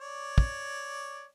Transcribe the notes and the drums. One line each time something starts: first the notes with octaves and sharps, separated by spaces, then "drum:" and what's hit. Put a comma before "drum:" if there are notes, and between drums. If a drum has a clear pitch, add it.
C#5 D5
drum: kick